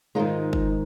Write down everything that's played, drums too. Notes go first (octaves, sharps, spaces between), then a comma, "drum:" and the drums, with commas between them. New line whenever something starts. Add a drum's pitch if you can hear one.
G#2 D#3 G#3 D#4 F4
drum: kick F#1